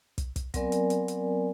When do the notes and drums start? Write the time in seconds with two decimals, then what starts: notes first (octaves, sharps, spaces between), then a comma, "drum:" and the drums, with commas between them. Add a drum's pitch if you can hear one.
0.18 drum: kick, hi-hat
0.36 drum: kick, hi-hat
0.54 F#3 B3 C4 A#4 D5 G#5, drum: kick, hi-hat
0.72 drum: hi-hat
0.90 drum: hi-hat
1.08 drum: hi-hat